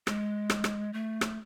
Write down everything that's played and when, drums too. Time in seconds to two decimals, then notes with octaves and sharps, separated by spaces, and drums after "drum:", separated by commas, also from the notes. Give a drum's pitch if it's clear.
0.07 G#3, drum: rim click
0.50 drum: rim click
0.64 drum: rim click
0.93 A3
1.21 drum: rim click